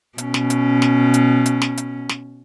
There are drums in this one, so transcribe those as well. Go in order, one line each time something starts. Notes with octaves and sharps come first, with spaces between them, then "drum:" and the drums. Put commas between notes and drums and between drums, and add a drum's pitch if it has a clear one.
B2 C#4, drum: hi-hat
drum: snare
drum: hi-hat
drum: snare
drum: hi-hat
drum: hi-hat
drum: snare
drum: hi-hat
drum: snare